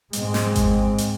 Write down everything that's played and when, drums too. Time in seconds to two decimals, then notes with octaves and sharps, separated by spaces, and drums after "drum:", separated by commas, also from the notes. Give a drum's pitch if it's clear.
0.13 G#2 G#3 C4, drum: hi-hat
0.34 drum: snare
0.55 drum: kick G#1, hi-hat
0.98 drum: hi-hat